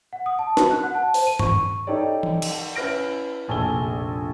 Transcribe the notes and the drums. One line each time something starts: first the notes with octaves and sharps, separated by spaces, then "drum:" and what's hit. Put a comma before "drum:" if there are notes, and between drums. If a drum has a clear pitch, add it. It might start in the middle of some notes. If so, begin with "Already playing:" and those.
F#5
D#6
A5
F#4, drum: snare
F#6
F#5
A5
C5, drum: open hi-hat
D#7
C#6, drum: tom G2
D#4 G4 A4 C#5 D5
drum: tom E3
drum: cymbal
C#4 E4 B4 F6 A#6 D7
F1 A#1 G#5 A5 E6 G7